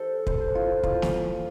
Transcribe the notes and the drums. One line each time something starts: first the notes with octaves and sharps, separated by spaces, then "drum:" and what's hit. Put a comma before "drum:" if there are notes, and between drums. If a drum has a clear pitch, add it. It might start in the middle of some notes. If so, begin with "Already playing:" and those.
Already playing: A4 C5
C5, drum: kick
F4
F4, drum: kick
drum: snare